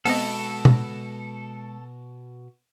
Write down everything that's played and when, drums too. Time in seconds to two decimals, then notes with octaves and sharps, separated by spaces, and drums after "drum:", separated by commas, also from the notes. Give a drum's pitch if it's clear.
0.05 B2 G#3 B3 C4 A4 D#5, drum: open hi-hat
0.65 drum: tom B2